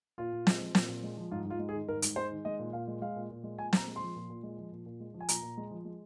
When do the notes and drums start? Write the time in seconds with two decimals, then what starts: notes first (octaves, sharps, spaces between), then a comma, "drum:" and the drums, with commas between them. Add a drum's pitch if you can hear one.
0.18 A#2 F4
0.32 A#2
0.47 G#3, drum: snare
0.61 F3
0.75 A#2, drum: snare
0.89 A#2
1.03 G#3
1.17 F3
1.31 G#2 F4
1.45 G#2 F4
1.59 G#3
1.69 G#4
1.73 D#3
1.88 G#2 A#4
2.02 G#2, drum: hi-hat
2.16 G#3 C5
2.31 D#3
2.45 G#3 D#5
2.59 A#2
2.73 A#2 F5
2.88 G#3
3.02 G#3 F5
3.16 A#2
3.30 A#2
3.44 G#3
3.58 A#2 G#5
3.73 A#2 A#5, drum: snare
3.87 G#3
3.96 F3 C6
4.16 A#2
4.30 A#2
4.43 G#3
4.58 F3
4.72 A#2
4.86 A#2
5.00 G#3
5.14 F3
5.20 G#5
5.29 A#2 A#5, drum: hi-hat
5.42 A#2
5.57 G#3
5.71 F3
5.85 G#3